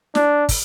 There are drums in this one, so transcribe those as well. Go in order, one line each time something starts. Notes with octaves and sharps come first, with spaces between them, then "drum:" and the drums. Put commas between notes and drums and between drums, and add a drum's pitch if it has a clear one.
D4, drum: snare
drum: kick, open hi-hat